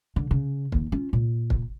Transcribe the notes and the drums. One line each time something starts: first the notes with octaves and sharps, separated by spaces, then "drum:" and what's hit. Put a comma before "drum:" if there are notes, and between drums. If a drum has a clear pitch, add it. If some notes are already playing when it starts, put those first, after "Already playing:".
D3
C#3
D#2, drum: kick
C#4 F4
A#2
drum: kick